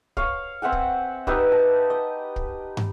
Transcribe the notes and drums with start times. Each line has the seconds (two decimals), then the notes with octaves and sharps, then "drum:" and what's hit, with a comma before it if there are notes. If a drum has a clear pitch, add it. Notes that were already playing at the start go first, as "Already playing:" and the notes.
0.17 C#5 F5, drum: kick
0.62 C4 E5 F#5 G#5
0.72 drum: kick
1.27 D#4 G4 B4 E5, drum: kick
1.52 A5
1.90 D#5
2.36 drum: kick
2.77 drum: tom